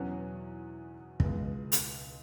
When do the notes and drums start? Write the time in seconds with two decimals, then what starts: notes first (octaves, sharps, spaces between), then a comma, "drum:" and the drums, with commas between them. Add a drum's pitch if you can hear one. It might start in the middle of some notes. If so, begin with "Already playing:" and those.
Already playing: E2 B2 F#3 C#4 F#4
1.20 C#2 B2 G#3, drum: kick
1.72 drum: hi-hat